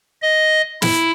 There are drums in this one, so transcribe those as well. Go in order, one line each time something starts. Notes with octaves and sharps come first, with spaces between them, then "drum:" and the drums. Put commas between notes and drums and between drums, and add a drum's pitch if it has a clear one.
D#5
E4, drum: snare